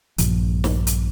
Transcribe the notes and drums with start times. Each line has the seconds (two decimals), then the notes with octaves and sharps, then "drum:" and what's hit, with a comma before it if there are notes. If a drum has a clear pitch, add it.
0.18 A#1 G2 A#2 F3, drum: hi-hat
0.64 drum: snare
0.87 drum: hi-hat